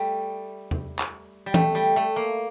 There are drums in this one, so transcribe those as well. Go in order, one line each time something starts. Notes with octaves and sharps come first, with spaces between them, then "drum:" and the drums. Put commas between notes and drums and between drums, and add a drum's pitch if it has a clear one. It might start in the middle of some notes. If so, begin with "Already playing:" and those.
Already playing: G3 A3
drum: tom E2
drum: clap
G3
A3, drum: tom E3
G3
A3
A#3